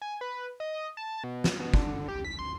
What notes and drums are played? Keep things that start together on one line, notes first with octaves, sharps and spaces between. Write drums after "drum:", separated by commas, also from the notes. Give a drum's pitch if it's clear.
G#5
B4
D#5
A5
B2
drum: snare
B2
D3, drum: kick
G4
B6
C6